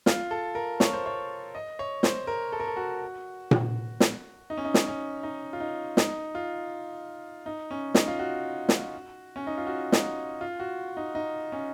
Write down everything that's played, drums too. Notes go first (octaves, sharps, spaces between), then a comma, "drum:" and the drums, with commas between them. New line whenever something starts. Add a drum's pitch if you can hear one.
F4, drum: snare
A4
A#4
C#5, drum: snare
C5
C#5
D#5
C#5
C5, drum: snare
A#4
A4
A#4
A4
F#4
drum: tom A#2
drum: snare
D#4
C#4
D#4
drum: snare
C#4
D#4
F4
D#4
D#4, drum: snare
F4
D#4
C#4
D#4, drum: snare
F4
F#4
drum: snare
C#4
D#4
F4
F#4
D#4, drum: snare
F4
F#4
D#4
D#4
C#4